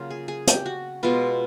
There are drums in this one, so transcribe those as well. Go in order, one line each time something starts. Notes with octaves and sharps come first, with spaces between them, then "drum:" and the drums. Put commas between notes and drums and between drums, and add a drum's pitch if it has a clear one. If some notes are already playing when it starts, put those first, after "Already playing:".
Already playing: C#3 F#3 A#3 F4
G#4
G#4
G4, drum: hi-hat
F#4
B2 G#3 B3 F4